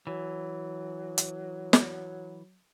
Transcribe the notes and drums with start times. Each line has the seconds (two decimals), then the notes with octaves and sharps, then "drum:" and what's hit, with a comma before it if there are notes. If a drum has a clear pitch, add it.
0.07 E3 F#3
1.18 drum: hi-hat
1.73 drum: snare